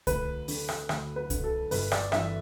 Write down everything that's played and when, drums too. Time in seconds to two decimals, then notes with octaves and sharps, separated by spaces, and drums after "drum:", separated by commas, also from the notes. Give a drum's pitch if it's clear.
0.07 D2 B4, drum: kick C2, hi-hat
0.48 D3, drum: open hi-hat
0.69 drum: rim click
0.89 D2, drum: rim click
1.16 B4
1.30 D3, drum: kick C2, hi-hat
1.44 A4
1.71 G1 B4, drum: open hi-hat
1.91 D5, drum: rim click
2.12 G2 E3 E5, drum: rim click